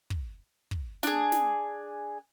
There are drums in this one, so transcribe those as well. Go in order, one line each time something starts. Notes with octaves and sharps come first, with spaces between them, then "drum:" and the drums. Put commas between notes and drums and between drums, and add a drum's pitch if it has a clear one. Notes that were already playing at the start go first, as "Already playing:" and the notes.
drum: kick
drum: kick
D4 G#4, drum: snare
drum: snare